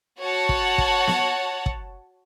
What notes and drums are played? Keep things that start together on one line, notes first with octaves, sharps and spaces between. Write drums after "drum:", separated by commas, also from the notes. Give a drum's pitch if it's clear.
F#4 C#5 F#5 A5
drum: kick
drum: kick
drum: snare B3
drum: kick